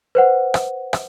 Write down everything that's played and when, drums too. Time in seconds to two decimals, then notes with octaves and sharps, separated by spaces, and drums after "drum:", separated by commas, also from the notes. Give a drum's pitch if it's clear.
0.15 B4 C5 F#5
0.54 drum: rim click
0.93 drum: rim click